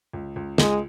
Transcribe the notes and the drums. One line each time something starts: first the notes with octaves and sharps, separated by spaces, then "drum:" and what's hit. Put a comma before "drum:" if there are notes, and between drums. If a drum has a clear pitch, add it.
C#2
C#2
C#2 G#3, drum: snare